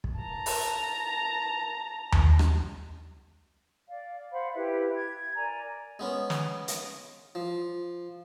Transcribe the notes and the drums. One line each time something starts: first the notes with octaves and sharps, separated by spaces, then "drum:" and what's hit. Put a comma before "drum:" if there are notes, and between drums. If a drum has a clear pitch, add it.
drum: kick
A5 A#5
drum: open hi-hat
drum: tom D#2
drum: rim click
D5 F5
C5 F5 F#5 B5
E4 G4 B4 E5
G#6
A#4 D5 G#5 A#5
G#3 B3 C#4
drum: snare
drum: hi-hat
F3